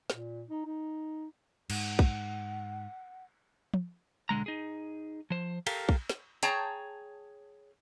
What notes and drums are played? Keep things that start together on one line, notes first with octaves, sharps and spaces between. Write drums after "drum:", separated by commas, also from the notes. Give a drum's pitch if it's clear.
A#2, drum: snare
D#4
D#4
G#2 F#5, drum: cymbal
drum: kick
drum: tom
B1 D3 G#3 A#5
D#4 G#4
F3 C5
G4 A4 A#4 F5, drum: cymbal
drum: kick
drum: snare
G#4 C#5 G5 A5 A#5, drum: hi-hat